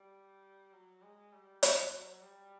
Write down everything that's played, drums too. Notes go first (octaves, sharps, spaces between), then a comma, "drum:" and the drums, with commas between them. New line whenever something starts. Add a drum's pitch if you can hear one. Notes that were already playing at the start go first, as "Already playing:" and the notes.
Already playing: G3
F#3
G#3
G3
F#3, drum: hi-hat
F#3
G3